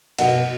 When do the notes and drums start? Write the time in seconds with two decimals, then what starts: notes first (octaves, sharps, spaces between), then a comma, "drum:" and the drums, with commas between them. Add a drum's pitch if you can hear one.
0.18 B2 D#5 F#5, drum: cymbal
0.35 B2